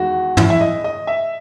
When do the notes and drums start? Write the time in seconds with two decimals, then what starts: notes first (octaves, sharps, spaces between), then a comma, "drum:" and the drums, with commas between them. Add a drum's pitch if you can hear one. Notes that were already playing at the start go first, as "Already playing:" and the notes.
Already playing: E2 D#3 G#3 F#4
0.37 E4, drum: tom
0.50 E5
0.61 D#5
0.84 D#5
1.07 E5